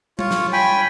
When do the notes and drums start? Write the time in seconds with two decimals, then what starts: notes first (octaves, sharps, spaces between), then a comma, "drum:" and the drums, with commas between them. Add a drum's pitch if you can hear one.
0.19 F4 C#5, drum: tom G3
0.31 drum: snare
0.53 G5 G#5 B5